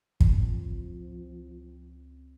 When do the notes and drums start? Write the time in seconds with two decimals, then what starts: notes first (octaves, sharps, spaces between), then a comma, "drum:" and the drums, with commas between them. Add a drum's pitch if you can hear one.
0.20 C#2 F3 C4, drum: kick